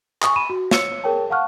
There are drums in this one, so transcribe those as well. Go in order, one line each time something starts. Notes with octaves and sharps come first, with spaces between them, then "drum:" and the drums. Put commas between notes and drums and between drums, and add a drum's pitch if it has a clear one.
G#5 C#6 D#6, drum: clap
B5 D#7 E7
F#4
C#5 E6 C#7, drum: snare
G#4 A#4 C#5 G5 A5
F5 F#5 A5 C#6 F6 F#6